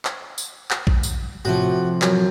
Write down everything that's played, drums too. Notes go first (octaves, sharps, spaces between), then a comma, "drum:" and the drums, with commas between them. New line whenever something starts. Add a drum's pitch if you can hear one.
drum: clap
drum: tambourine
drum: clap
drum: kick A1
drum: tambourine
A2 C3 F3 F#4
F#2, drum: clap